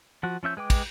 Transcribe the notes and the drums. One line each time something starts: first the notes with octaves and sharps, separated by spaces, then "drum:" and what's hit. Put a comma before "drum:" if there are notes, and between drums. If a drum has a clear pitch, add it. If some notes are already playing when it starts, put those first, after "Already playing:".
F3 F#4
F3 C#4 E5 G6
G#3 B4 G5 D6
drum: kick, cymbal